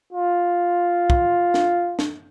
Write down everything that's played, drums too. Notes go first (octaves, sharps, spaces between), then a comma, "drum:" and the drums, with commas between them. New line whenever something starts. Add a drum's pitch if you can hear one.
F4
drum: kick
drum: snare
drum: snare